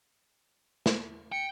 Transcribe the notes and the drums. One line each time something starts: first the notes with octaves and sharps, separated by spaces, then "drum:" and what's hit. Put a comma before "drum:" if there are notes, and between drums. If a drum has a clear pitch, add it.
drum: snare
G5 C#7